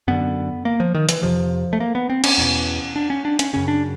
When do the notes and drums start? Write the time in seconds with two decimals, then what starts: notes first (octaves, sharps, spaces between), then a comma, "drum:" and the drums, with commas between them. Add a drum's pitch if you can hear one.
0.08 F#2 D3 B3
0.65 A#3
0.80 F3
0.94 D#3
1.09 E3, drum: hi-hat
1.22 F2 C3 F3
1.73 A3
1.80 A#3
1.95 B3
2.10 C4
2.24 C#4, drum: cymbal
2.38 E2 B2
2.96 D4
3.10 C#4
3.25 D4
3.39 C#4, drum: hi-hat
3.53 F#2 C#3 C#4
3.68 D4